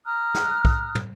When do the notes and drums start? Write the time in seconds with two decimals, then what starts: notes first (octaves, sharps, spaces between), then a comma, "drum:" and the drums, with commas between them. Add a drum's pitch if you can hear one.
0.04 A#5 D#6 F6 F#6
0.34 drum: snare
0.65 drum: kick
0.95 drum: tom